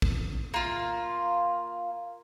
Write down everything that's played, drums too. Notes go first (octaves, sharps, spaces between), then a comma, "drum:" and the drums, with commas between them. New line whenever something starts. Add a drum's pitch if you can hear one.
drum: kick
A#3 F4